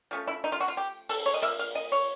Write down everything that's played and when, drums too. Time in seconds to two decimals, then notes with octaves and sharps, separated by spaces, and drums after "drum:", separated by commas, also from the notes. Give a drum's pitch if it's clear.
0.11 F3 A3 C#4
0.27 E4
0.44 D#4
0.52 F4
0.60 F#4, drum: tambourine
0.68 F4
0.77 G4
1.09 A4, drum: open hi-hat
1.26 C#5
1.34 D#5
1.42 F3 A#3 E5
1.59 F5
1.75 D#5
1.92 C#5